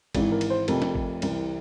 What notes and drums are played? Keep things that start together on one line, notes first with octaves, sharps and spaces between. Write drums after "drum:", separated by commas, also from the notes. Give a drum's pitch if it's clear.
G#1 G#2 E3, drum: kick G#1, cymbal
A#4
drum: cymbal
C5
F1 F2 C3 A#4, drum: cymbal
drum: snare
drum: kick G#1
C2 C3 E3, drum: cymbal